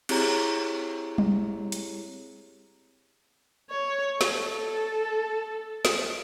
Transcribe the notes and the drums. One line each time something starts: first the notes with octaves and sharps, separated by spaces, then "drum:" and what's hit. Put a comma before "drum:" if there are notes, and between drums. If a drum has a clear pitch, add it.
C4 E4 G4 G#4 C#5 A#5, drum: cymbal
drum: tom G3
drum: hi-hat
C#5
A4, drum: snare
drum: snare